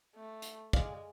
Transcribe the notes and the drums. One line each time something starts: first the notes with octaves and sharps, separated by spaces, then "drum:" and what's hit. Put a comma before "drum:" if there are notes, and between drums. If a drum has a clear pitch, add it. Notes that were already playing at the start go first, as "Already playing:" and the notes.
A3
drum: hi-hat
G#3 D5 F5, drum: kick